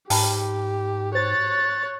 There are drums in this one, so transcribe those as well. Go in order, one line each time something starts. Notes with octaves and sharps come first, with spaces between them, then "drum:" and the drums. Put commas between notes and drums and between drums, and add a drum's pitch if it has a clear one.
G#2 G4 G5 A5 B5, drum: open hi-hat
F#4 C5 C#5 F#6 A6